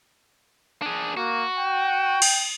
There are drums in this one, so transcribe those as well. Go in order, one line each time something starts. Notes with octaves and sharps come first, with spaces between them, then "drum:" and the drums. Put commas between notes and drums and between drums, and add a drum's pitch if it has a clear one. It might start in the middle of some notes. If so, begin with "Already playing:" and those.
D4 G#4
A#3 F#4
G5
drum: cymbal